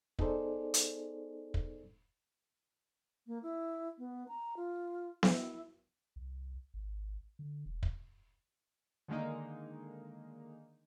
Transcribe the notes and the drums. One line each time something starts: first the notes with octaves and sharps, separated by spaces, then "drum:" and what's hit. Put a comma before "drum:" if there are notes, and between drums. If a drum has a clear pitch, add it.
B3 D#4 G#4 A4 C5 D5, drum: kick
drum: hi-hat
drum: kick
A#3
E4
B3
A#5
F4
E4, drum: snare B3
C2
G#1
D3
E1
drum: kick
D3 D#3 G#3 A#3 D#4